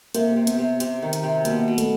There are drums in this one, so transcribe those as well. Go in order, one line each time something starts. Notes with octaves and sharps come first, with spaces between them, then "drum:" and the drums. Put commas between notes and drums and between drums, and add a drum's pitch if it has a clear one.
C3 A#3, drum: hi-hat
C3
B3, drum: hi-hat
C3
C3, drum: hi-hat
D#3
drum: hi-hat
C3
B2 A#3, drum: hi-hat
B2
A3, drum: hi-hat